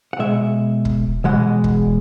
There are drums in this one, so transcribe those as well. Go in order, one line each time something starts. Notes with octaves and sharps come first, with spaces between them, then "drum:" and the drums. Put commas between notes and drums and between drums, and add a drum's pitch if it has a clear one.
F#5
B2 G#3 E5
drum: kick
E2 B2 G#3 F#5
drum: kick